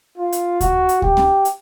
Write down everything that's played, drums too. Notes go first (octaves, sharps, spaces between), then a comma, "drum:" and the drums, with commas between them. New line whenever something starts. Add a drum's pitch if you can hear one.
F4
drum: hi-hat
F#4, drum: kick D2, hi-hat
drum: hi-hat
G4, drum: kick D2
drum: snare C#4
drum: hi-hat